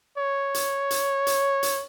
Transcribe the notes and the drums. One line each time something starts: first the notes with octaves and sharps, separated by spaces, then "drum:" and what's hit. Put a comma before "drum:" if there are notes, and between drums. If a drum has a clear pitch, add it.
C#5
drum: hi-hat
drum: hi-hat
drum: hi-hat
drum: hi-hat